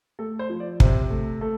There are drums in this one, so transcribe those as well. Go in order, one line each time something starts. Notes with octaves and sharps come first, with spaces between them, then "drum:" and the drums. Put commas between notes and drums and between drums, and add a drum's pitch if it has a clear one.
A3 A4
C5
F3
D5
C3 C5, drum: kick
A3
A3 A4